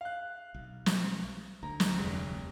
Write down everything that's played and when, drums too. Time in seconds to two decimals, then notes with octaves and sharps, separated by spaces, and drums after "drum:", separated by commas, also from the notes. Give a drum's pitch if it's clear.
0.01 F5 F#6
0.55 B1
0.86 drum: snare
1.63 D2 A#5
1.80 drum: snare
1.98 F1